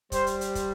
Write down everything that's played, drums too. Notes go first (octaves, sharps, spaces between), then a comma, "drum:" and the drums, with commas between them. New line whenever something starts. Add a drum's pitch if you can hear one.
G3 C5, drum: kick, hi-hat
drum: hi-hat
drum: hi-hat
drum: kick, hi-hat